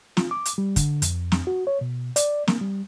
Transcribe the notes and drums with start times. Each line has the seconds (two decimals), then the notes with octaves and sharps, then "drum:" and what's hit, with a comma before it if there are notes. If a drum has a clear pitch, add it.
0.17 F4, drum: snare
0.31 D6
0.45 drum: hi-hat
0.58 G3
0.76 D3, drum: kick, hi-hat
1.02 F2, drum: hi-hat
1.32 drum: snare
1.47 F#4
1.67 C#5
1.81 B2
2.16 D5, drum: hi-hat
2.47 A#3, drum: snare
2.61 G3